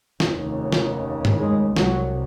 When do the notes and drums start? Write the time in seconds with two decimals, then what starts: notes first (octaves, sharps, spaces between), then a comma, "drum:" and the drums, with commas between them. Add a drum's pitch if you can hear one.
0.20 F1 D#2 C#3, drum: snare
0.72 drum: snare
1.25 drum: tom G2
1.38 G#3
1.76 C2 C3 F#3, drum: snare